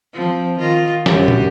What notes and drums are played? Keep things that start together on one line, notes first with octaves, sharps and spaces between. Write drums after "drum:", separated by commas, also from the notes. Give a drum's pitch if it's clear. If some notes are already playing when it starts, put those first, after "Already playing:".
F3 C4
D#3 F4
F#2 G4, drum: snare
drum: tom